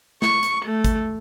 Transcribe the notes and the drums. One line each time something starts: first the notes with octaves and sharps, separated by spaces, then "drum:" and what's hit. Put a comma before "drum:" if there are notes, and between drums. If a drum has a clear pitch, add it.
C#6, drum: snare
drum: hi-hat
A3
drum: kick, hi-hat